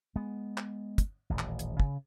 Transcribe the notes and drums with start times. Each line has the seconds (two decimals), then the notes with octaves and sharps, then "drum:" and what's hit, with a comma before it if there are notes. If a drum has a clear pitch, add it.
0.16 G#3 B3
0.57 drum: clap
0.98 drum: kick, hi-hat
1.30 D#1 A1
1.39 drum: clap
1.59 drum: hi-hat
1.80 C#3, drum: kick